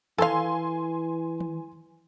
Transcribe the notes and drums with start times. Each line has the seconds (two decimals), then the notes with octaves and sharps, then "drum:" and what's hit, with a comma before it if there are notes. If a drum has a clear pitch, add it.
0.18 E3 A4 F5 G#5 C6, drum: tom D#3
1.40 drum: tom D#3